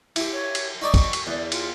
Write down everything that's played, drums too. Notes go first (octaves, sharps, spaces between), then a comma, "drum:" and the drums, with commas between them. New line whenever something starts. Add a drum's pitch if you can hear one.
E4 G4, drum: cymbal
C#5
drum: cymbal
D#4 D5 D#5 C#6
drum: kick, cymbal
drum: cymbal
E2 D5
F4, drum: cymbal